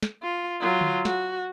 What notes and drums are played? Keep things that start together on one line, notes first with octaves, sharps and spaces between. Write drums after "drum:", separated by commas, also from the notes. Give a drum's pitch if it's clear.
drum: snare
F4
F#3 F4
drum: tom D3
F#4, drum: snare